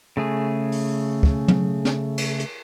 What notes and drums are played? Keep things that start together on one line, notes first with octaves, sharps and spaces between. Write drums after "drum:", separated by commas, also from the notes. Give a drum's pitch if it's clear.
C#3 A3 G#4
drum: open hi-hat
drum: kick
drum: tom
drum: snare
drum: cymbal
drum: hi-hat